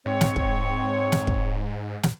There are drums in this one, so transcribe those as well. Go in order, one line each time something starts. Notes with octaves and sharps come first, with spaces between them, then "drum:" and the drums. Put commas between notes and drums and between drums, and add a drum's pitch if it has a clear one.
G#2 C4 C#5
drum: snare
drum: kick
drum: snare
drum: kick
drum: snare